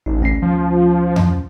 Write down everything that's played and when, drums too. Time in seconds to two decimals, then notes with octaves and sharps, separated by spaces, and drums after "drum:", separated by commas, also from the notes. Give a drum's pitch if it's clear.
0.06 A1 D#4
0.21 D2 C#4 C7
0.42 F3
1.16 drum: tom F2